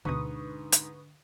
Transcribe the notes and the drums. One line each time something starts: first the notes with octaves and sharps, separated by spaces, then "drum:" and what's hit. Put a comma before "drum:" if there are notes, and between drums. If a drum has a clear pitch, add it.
D2 G#2 B2 D3 D4 B4 C#6 D#6
drum: hi-hat